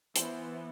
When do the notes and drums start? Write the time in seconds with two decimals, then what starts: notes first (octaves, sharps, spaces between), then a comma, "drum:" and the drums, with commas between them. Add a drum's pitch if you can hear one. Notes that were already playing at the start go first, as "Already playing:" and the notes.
0.16 E3 B3 C5, drum: hi-hat